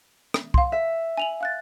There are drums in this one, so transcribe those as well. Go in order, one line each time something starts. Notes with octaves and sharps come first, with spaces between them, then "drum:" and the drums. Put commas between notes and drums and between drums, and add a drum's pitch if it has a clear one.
drum: rim click
F5 C6, drum: kick
E5
G#5 F7 F#7
F5 F#6 A6